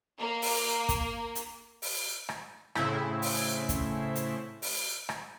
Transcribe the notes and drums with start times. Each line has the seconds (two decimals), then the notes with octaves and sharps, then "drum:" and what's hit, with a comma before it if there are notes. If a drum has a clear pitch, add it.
0.19 A#3
0.42 drum: open hi-hat
0.89 drum: kick, hi-hat
1.35 drum: hi-hat
1.82 drum: open hi-hat
2.29 drum: rim click
2.75 A2 C#3 C4 E4, drum: rim click
3.22 drum: open hi-hat
3.69 drum: kick, hi-hat
4.15 drum: hi-hat
4.62 drum: open hi-hat
5.09 drum: rim click